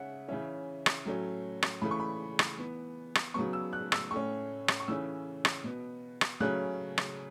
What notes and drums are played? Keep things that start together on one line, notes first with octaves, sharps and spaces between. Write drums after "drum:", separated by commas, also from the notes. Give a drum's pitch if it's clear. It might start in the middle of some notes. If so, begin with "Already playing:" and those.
Already playing: C#3 C#4 E5 F#5
C#3 E3 C#4 E5
drum: rim click
A2 F#3 A3 C#4
drum: rim click
C#3 E3 A3 B5
C#6
B5
drum: rim click
E3 B3
drum: rim click
C#3 F#3 B3 C#6
E6
F#6
E6, drum: rim click
A2 A3 C#4 C#6
drum: rim click
C#6
C#3 E3 A3 C#4 E6
drum: rim click
B2 B3
drum: rim click
C#3 F#3 A3 C#4 F#6
drum: rim click